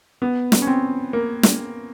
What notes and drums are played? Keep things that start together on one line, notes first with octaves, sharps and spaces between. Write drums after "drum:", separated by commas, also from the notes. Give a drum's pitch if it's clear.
B3
drum: snare
C#4
C4
A#3
drum: snare